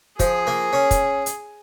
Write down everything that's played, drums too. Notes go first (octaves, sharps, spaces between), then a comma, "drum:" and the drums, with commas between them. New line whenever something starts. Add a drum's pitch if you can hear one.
F3 G#4, drum: kick, hi-hat
A#3
C#4
drum: kick, hi-hat
drum: hi-hat